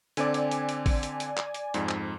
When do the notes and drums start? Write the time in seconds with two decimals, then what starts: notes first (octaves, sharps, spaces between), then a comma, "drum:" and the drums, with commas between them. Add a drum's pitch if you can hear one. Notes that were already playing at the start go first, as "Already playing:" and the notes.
0.17 D3 C4 D5 G#5 D6, drum: hi-hat
0.34 drum: hi-hat
0.51 drum: hi-hat
0.69 drum: hi-hat
0.86 drum: kick, open hi-hat
1.03 drum: hi-hat
1.20 drum: hi-hat
1.37 drum: clap
1.54 drum: hi-hat
1.74 F2 G#2, drum: hi-hat
1.89 drum: clap